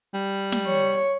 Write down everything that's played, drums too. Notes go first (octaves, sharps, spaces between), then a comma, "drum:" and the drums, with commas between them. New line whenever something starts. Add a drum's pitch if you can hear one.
G3
drum: snare
C#5